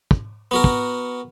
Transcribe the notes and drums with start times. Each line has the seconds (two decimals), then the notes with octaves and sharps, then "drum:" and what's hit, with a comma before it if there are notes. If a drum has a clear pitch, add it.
0.11 drum: kick
0.51 B3 F#4 A#4
0.64 drum: kick